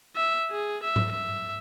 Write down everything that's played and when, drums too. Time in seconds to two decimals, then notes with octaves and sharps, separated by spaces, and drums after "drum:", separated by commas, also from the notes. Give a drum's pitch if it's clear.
0.16 E5
0.51 G#4
0.83 E5
0.96 drum: tom G#2
1.11 E5